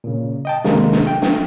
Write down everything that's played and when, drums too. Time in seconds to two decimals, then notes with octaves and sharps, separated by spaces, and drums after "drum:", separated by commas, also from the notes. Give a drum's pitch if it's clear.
0.04 A#2 C#3
0.45 D#5 G5 A5
0.64 C3 D#3 G#3 A#3, drum: snare
0.92 drum: snare
1.07 G5
1.22 drum: snare